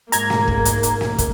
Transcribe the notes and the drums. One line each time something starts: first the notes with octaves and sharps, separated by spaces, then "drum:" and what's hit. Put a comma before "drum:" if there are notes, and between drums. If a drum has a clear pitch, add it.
G#2 A#3 A#5 G#6, drum: hi-hat
drum: snare
drum: kick
drum: hi-hat
drum: hi-hat
drum: snare
drum: kick, hi-hat